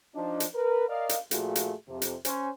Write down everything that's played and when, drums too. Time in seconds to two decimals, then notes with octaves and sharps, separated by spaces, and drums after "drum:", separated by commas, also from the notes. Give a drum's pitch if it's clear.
0.15 F3 D4 D#4
0.40 drum: hi-hat
0.55 A#4 B4
0.88 A#4 D5 D#5 F5
1.09 drum: hi-hat
1.31 A#2 F3 A3 F4 F#4 G#4, drum: hi-hat
1.55 drum: hi-hat
1.88 F2 C3
2.02 drum: hi-hat
2.25 C#4 C5 G#5, drum: hi-hat